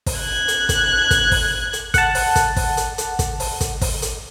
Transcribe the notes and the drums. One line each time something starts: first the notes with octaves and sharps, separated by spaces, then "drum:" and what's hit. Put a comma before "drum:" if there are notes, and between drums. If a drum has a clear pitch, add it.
drum: kick, open hi-hat
F#6 G#6
drum: hi-hat
drum: kick, hi-hat
drum: kick, hi-hat
drum: kick, open hi-hat
drum: hi-hat
F#5 A5, drum: kick, hi-hat
drum: open hi-hat
drum: kick, hi-hat
drum: kick, open hi-hat
drum: hi-hat
drum: hi-hat
drum: kick, hi-hat
drum: open hi-hat
drum: kick, hi-hat
drum: kick, open hi-hat
drum: hi-hat